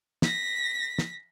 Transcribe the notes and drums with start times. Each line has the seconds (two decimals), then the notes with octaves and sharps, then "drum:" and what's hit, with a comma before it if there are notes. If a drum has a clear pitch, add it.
0.22 A#6 B6, drum: snare
0.98 drum: snare